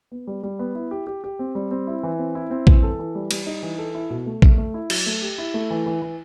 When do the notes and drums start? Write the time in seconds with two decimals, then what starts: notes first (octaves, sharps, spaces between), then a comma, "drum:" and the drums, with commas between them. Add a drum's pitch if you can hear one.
0.12 B3
0.27 G3
0.43 G3
0.59 B3
0.75 E4
0.91 G4
1.07 G4
1.24 G4
1.39 C4
1.55 G3
1.71 C4
1.87 E4
2.03 E3
2.19 C4
2.35 E4
2.50 C4
2.67 E3, drum: kick
2.83 A4
2.99 E3
3.15 G3
3.31 G3, drum: cymbal
3.47 D#4
3.63 E3
3.78 A4
3.95 E4
4.10 B2
4.26 A3
4.42 A3, drum: kick
4.58 A3
4.74 E4
4.90 F#3, drum: cymbal
5.06 A3
5.22 G4
5.38 E4
5.54 A3
5.71 E3
5.86 E3
6.02 E3